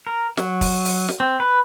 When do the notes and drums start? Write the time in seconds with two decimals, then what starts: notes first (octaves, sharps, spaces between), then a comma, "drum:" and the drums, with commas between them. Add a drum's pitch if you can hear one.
0.07 A#4
0.37 F#3, drum: snare
0.61 drum: kick, open hi-hat
0.85 drum: open hi-hat
1.09 drum: snare
1.20 C4
1.40 B4